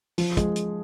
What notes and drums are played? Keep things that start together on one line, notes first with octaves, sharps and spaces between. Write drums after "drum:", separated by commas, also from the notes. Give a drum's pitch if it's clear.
F3, drum: open hi-hat
G#3, drum: kick, hi-hat
drum: hi-hat